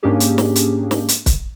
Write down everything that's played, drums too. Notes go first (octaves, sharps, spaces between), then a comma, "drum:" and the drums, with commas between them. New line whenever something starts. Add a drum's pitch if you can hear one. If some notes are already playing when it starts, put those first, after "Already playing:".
G#2 A#3 C#4 D4 G4 G#4
drum: hi-hat
drum: snare
drum: hi-hat
drum: snare
drum: hi-hat
drum: kick, hi-hat